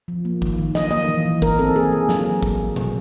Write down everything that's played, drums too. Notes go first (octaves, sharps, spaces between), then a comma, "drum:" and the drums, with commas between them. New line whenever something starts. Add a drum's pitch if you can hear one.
F3
A#3
D#3, drum: kick
D#3
F#3 D#5, drum: snare
A#3 D#5
E3
E3
E3 A#4, drum: kick
C4 A4
A#3 G#4
A#3
F#3, drum: snare
A#3
F#3, drum: kick
F#3
A3, drum: tom A#2